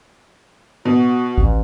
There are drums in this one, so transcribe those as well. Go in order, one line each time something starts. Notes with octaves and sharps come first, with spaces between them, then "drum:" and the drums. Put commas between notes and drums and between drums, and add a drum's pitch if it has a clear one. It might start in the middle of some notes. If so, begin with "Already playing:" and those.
B2 F#4
A1, drum: kick C#2